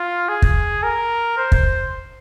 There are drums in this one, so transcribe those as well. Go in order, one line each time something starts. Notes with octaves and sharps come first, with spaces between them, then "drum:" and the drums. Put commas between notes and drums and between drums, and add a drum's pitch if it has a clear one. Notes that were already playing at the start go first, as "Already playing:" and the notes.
Already playing: F4
G#4
drum: kick
A#4
C5
drum: kick